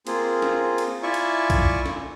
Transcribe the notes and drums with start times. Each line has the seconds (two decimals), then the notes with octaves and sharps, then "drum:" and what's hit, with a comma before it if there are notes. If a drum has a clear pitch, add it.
0.07 A#3 C4 F4 G#4, drum: cymbal
0.42 drum: snare
0.78 drum: cymbal
1.03 E4 F4 D5 E5 G#5 C#6
1.14 drum: cymbal
1.50 drum: kick B1, cymbal
1.86 drum: snare